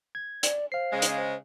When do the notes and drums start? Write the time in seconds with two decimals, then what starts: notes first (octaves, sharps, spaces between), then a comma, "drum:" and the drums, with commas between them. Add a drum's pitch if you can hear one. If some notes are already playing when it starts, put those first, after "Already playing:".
0.15 G#6
0.43 D5, drum: hi-hat
0.72 C5 F5 C7
0.92 C#3 G#3
1.02 drum: hi-hat
1.17 C5